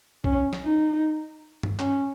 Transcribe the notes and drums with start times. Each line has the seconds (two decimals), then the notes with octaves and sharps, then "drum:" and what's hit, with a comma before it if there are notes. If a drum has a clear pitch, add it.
0.24 C#4, drum: kick B1
0.53 drum: snare
0.63 D#4
1.63 drum: tom G2
1.79 C#4, drum: clap